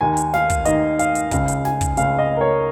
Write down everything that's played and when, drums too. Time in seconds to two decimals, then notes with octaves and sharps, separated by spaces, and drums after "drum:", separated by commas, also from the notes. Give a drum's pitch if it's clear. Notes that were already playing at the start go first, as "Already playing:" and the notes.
0.01 D#2 D#3 G#5
0.17 drum: hi-hat
0.34 F5, drum: snare
0.50 drum: kick, hi-hat
0.65 D#2 D#3 D#5, drum: hi-hat
0.99 F5, drum: hi-hat
1.15 drum: hi-hat
1.31 C#2 C#3 F5, drum: kick, hi-hat
1.48 drum: hi-hat
1.65 G#5, drum: snare
1.81 drum: kick, hi-hat
1.97 C#2 C#3 F5, drum: hi-hat
2.18 D#5
2.36 A#4
2.41 C#5